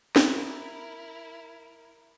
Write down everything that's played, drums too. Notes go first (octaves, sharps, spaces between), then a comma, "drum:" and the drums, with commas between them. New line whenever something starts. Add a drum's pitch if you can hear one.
E4 A#4, drum: snare